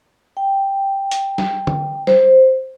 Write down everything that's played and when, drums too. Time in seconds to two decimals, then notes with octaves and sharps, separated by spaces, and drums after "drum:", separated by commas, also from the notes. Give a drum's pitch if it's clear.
0.37 G5
1.11 drum: hi-hat
1.38 drum: snare
1.67 drum: tom D3
2.07 C5, drum: snare